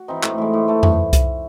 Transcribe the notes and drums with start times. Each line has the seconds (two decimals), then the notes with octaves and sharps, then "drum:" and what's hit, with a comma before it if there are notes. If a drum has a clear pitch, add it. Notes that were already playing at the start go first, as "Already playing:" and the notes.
Already playing: F#4
0.08 E3 C4 D#4
0.23 A2, drum: clap
0.38 E3 G#3
0.53 A2
0.68 E3 A3
0.83 drum: tom E2
1.13 drum: kick C2, hi-hat